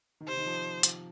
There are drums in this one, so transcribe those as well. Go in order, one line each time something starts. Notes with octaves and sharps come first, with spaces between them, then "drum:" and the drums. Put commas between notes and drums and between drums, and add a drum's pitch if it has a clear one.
D#3
C3 C5
D#3
F3
drum: hi-hat